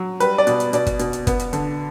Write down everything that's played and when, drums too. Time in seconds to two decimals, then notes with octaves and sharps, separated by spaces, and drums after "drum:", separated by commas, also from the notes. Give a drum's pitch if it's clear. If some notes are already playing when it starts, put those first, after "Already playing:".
Already playing: F#3
0.20 G3 B4, drum: hi-hat
0.38 D5
0.47 B2, drum: hi-hat
0.60 drum: hi-hat
0.73 B2 D5, drum: hi-hat
0.87 drum: kick, hi-hat
0.99 B2, drum: hi-hat
1.13 drum: hi-hat
1.27 B3, drum: kick, hi-hat
1.40 drum: hi-hat
1.53 D3, drum: hi-hat